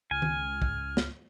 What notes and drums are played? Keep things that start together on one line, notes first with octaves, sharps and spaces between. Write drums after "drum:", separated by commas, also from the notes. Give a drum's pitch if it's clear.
C#2 G#5 F6
drum: tom
drum: kick
drum: snare